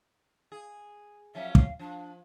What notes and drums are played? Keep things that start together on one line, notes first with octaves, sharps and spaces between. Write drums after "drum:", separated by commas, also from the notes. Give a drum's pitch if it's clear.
G#4
F3 F#3 C#4 E5
F5, drum: kick
F3 D4